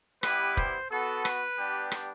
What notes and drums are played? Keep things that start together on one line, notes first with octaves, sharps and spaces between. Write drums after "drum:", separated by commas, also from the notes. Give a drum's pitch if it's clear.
G3 B3 E4 G4 B4, drum: rim click
C5, drum: kick
B3 F#4 A4
B4, drum: rim click
G3 B3 D4 G4
drum: rim click